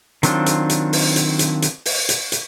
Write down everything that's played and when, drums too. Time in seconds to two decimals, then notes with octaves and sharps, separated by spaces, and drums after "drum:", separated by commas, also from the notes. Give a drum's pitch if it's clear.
0.23 D#3 F#3 C4 D4 F4, drum: hi-hat
0.46 drum: hi-hat
0.70 drum: hi-hat
0.93 drum: open hi-hat
1.16 drum: hi-hat
1.39 drum: hi-hat
1.62 drum: hi-hat
1.86 drum: open hi-hat
2.09 drum: hi-hat
2.32 drum: hi-hat